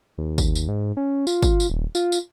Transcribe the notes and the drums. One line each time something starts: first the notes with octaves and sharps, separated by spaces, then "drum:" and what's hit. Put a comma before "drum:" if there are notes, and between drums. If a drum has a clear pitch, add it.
D#2
drum: kick, tambourine
drum: tambourine
G#2
C#4
F4, drum: tambourine
drum: kick, tambourine
drum: tambourine
D#1
F4, drum: tambourine
drum: tambourine